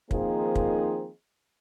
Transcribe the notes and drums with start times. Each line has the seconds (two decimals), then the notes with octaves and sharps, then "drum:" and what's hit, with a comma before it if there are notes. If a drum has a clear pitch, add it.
0.11 D#3 F3 A#3 C4 D#4 G#4, drum: kick
0.55 drum: kick